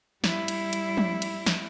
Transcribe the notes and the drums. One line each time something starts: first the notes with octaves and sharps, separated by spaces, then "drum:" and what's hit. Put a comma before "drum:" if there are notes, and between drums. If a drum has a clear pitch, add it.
G3 E4, drum: snare
drum: cymbal
drum: cymbal
drum: tom F3
drum: cymbal
drum: snare